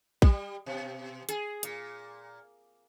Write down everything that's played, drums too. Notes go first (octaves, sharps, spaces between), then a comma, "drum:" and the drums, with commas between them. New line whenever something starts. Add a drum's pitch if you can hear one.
G3, drum: kick
B2
G#4, drum: hi-hat
A#2, drum: hi-hat